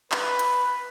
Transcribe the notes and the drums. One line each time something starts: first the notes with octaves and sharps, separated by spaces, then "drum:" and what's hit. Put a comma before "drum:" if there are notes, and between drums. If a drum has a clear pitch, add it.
B4, drum: clap
drum: hi-hat